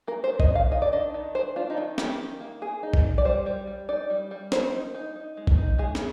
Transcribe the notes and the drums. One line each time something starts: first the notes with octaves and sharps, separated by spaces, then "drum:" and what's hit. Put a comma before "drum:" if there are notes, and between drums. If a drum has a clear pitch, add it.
A#3 A#4
C5
D#3
D#5, drum: kick A#1
D4
F5
D#3 D#5
D5
D4 D#5
D#3
D4 C5
D4 F4
D#4
D#3 F4
D#3 G4, drum: snare
D#3
A#3
A#3 G#4
D#4
drum: kick A#1
G3
D5
G3 C5
G3
G3
D#4 D5
G3
G3
A#3 C5, drum: snare
D#4
D#4
D#4
G#3
drum: kick A#1
D#4
G#3 G#4
drum: snare